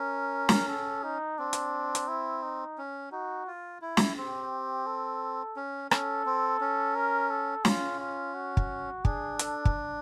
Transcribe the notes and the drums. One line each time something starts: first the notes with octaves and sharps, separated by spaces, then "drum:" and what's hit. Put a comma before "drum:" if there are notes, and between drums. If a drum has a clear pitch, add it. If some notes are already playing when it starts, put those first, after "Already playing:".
Already playing: C#4 A#4
drum: snare
A4
D#4
C4 D4
drum: hi-hat
drum: hi-hat
E4
D#4
C#4
D#4 F#4
F4
E4
drum: snare
C4 G4
A4
C#4
C#4 A4, drum: rim click
C4
C#4
A#4
A4
C#4 F4, drum: snare
F4
F#4
drum: kick
D4 G#4, drum: kick
A4, drum: hi-hat
drum: kick